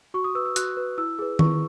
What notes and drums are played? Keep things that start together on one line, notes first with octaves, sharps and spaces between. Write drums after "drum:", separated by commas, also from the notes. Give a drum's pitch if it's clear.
F#4 C#6
D#6
B4 E6
E6
F#4 F#6, drum: hi-hat
B4
E4 E6
G#4 B4
E4 C#6, drum: tom D#3